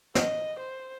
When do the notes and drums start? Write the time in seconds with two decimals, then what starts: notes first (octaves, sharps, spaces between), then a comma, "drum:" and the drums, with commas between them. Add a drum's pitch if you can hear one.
0.15 D#5, drum: snare
0.59 C5